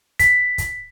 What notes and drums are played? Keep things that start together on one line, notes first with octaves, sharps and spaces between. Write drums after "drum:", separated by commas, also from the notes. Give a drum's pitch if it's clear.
B6, drum: kick, hi-hat
drum: kick, hi-hat